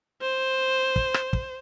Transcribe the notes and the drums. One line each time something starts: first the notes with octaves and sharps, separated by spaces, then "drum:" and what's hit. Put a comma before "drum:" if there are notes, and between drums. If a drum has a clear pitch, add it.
C5
drum: kick
drum: rim click
drum: kick